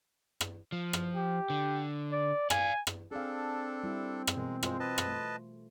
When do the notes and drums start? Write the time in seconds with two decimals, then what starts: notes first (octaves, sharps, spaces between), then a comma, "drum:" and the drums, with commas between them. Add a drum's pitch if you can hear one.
0.41 drum: rim click
0.72 F3
0.93 drum: rim click
1.16 G4
1.50 D3
2.12 D5
2.50 D5 F5 G#5, drum: rim click
2.87 drum: rim click
3.11 C4 D4 G#4 A4 F5
3.84 G3 E4
4.27 drum: rim click
4.37 B2 E3 G#3 A#4
4.63 G#3 F4 C5, drum: rim click
4.80 B4 D#5 A5
4.98 drum: rim click
5.08 A3